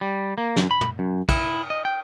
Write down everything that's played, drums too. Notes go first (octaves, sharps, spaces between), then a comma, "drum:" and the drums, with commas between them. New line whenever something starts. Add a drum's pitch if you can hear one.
G3
A#3
F#2, drum: snare
B5
drum: tom
F#2
E4, drum: kick, cymbal
D#5
G5